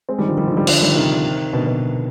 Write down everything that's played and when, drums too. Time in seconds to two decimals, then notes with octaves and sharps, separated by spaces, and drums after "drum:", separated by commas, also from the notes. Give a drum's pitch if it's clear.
0.09 G#3 C4
0.19 D#3 G3
0.28 D3 F3
0.38 D#3 G3
0.47 D3 F3
0.57 D#3 G3
0.67 D3 F3, drum: cymbal
0.81 D#3 G3
0.95 C3 D#3
1.53 B2 D3
1.67 B2